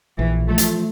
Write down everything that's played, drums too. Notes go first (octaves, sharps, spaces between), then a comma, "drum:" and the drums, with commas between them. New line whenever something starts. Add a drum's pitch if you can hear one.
A#1 E3
F3 A3
drum: hi-hat